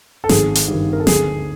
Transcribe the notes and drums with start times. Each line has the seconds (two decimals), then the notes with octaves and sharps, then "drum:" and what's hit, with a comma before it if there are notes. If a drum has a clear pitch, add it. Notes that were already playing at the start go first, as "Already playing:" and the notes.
0.24 A4
0.29 G#1 G#4, drum: snare
0.55 drum: hi-hat
0.68 G2
0.73 D#3
0.93 A#4
1.00 A4
1.07 D2 G#4, drum: snare